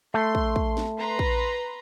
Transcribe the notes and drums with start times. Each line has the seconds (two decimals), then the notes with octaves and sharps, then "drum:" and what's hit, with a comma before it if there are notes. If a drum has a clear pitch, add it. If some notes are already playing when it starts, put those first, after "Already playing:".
0.14 A3 C6
0.35 drum: kick
0.56 drum: kick
0.77 drum: snare
0.98 B4 A#5 C6
1.19 drum: kick